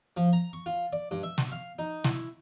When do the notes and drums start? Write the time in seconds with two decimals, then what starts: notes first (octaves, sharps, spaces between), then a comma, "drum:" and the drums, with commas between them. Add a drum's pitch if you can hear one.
0.17 F3
0.33 A#5
0.53 C#6
0.66 F4
0.93 D5
1.11 G2
1.23 E5
1.38 drum: snare
1.52 F5
1.79 D#4
2.04 E4, drum: snare